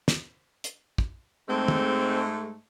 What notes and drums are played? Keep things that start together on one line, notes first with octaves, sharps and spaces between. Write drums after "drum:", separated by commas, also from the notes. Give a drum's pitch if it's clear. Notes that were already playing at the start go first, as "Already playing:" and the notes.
drum: snare
drum: hi-hat
drum: kick
G#2 G#3 A3 C4
drum: tom